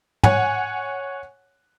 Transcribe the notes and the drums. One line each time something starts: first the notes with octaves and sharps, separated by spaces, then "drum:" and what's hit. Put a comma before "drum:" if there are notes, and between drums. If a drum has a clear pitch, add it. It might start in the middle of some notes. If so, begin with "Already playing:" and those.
C#5 F#5 G#5, drum: tom